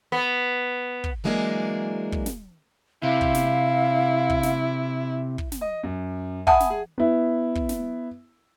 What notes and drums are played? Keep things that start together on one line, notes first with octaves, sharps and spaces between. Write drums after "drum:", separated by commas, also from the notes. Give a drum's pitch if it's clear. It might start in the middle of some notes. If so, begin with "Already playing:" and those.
B3
drum: kick
E3 F#3 G#3 A#3 D4 G#4
drum: kick
drum: snare
C3 E4 F5
drum: kick
drum: snare
drum: kick
drum: snare
drum: kick
drum: snare
D#5
F#2
E5 F#5 G#5 A5 B5 D#6, drum: kick
drum: snare
G#4
B3 E4
drum: kick
drum: snare